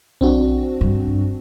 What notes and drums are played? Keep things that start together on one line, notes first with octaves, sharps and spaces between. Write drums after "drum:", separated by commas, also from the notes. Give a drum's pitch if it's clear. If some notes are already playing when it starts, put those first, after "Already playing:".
C4 D4 F#4, drum: kick B1
G2